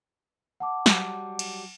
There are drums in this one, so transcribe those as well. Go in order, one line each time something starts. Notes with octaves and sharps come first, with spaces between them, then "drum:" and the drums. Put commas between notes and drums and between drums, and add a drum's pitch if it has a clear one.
F#5 A5 D6
F#3 G3, drum: snare
drum: cymbal